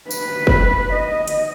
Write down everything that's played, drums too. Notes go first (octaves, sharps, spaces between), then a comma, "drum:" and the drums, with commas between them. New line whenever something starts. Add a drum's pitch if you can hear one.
B4, drum: tambourine
drum: kick
D#5
drum: hi-hat